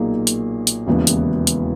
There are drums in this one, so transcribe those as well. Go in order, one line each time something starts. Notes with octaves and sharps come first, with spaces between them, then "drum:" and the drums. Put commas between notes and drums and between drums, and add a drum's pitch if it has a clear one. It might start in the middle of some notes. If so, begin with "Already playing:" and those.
Already playing: B1 A#2 A#3 D#4 G#4
drum: hi-hat
drum: hi-hat
E1 D#2 C#3 E3 B3
drum: hi-hat
drum: hi-hat